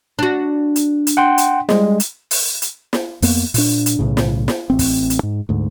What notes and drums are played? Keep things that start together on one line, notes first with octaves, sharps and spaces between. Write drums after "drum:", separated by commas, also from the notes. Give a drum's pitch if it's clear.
D4 F#4
drum: hi-hat
drum: hi-hat
F#5 G5 C6
drum: hi-hat
G3 G#3, drum: snare
drum: hi-hat
drum: open hi-hat
drum: hi-hat
drum: snare
F2 A#3 B3, drum: open hi-hat
A#2 D4, drum: open hi-hat
drum: hi-hat
B1 A2 C#3
drum: snare
drum: snare
A1 C4
drum: kick, open hi-hat
drum: hi-hat
G#2
D2 G#2